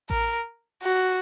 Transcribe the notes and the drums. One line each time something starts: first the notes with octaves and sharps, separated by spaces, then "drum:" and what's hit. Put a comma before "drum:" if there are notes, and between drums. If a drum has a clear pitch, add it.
A#4, drum: kick A1
F#4